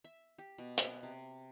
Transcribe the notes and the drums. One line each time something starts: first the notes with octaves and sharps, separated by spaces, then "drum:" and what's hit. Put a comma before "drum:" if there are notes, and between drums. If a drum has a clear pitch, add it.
E5
G4
B2
drum: hi-hat
C3